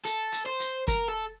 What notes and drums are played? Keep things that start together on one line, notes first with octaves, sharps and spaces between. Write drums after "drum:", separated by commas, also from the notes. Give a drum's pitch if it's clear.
A4, drum: hi-hat
drum: hi-hat
C5
drum: hi-hat
A#4, drum: kick, hi-hat
A4